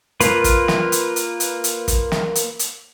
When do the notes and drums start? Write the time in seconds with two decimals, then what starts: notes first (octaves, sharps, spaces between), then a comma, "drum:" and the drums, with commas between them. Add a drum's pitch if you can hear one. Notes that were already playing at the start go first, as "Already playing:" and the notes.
0.20 A#3 F4 B4, drum: hi-hat
0.44 drum: kick, hi-hat
0.68 drum: snare
0.92 drum: hi-hat
1.16 drum: hi-hat
1.40 drum: hi-hat
1.64 drum: hi-hat
1.88 drum: kick, hi-hat
2.12 drum: snare
2.35 drum: hi-hat
2.59 drum: hi-hat